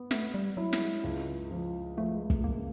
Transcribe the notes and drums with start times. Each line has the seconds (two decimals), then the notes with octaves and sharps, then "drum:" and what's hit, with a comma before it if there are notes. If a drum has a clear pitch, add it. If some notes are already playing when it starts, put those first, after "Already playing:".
Already playing: B3
0.11 A3 B3, drum: snare
0.34 G3
0.57 F#3 E4
0.73 G3, drum: snare
0.80 G#3
1.04 C#2
1.51 F3
1.97 F3 A3
2.16 G#3
2.30 A3, drum: kick
2.44 C#2 A#3